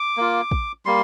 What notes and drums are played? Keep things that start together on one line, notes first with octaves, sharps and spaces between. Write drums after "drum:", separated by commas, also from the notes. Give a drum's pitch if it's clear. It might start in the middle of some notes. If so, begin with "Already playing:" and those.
Already playing: D6
A#3 F4
drum: kick
G3 A#3 C6